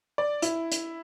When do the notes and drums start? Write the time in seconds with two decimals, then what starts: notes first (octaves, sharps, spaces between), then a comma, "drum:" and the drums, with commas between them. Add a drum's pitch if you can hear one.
0.18 D5
0.42 E4, drum: hi-hat
0.72 drum: hi-hat